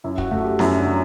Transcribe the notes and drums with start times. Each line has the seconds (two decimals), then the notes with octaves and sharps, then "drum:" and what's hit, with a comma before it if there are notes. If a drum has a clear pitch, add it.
0.04 F#2 E4
0.18 F#4, drum: kick
0.31 A3 F#4
0.45 G4
0.59 F#2 E4, drum: snare B3
0.77 D4
0.86 F#3